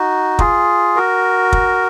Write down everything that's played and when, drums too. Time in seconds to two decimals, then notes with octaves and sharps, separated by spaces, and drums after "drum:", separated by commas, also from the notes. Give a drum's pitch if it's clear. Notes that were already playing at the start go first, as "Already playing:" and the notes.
Already playing: D#4 F#4
0.39 F4 G#4, drum: kick
0.96 F#4 A#4
1.52 drum: kick